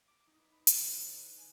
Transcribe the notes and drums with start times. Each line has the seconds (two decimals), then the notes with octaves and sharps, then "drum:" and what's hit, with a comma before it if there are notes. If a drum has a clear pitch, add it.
0.08 D6
0.27 D#4
0.39 B4
0.52 B5
0.67 E6, drum: hi-hat
0.80 D3
0.92 F#6
1.09 D#4
1.23 F#6
1.37 G#5